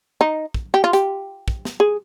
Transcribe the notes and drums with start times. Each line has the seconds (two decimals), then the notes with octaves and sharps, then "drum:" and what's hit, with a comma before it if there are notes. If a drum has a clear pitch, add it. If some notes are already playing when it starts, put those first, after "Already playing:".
0.21 D#4
0.54 drum: kick
0.74 G4
0.84 F4
0.93 G4, drum: hi-hat
1.48 drum: kick
1.65 drum: snare
1.80 G#4